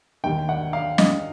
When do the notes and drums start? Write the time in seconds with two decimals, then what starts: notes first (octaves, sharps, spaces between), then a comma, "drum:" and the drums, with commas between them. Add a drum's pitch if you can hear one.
0.24 D#2 D#3 G5
0.49 F#5
0.73 F5
0.98 D#5, drum: snare